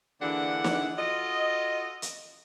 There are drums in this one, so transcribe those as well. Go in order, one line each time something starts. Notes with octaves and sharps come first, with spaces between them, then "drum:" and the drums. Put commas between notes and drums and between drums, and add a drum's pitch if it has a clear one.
D3 E3 A#3 D4 G#4 F#5
drum: snare
F4 F#4 A4 D#5
drum: hi-hat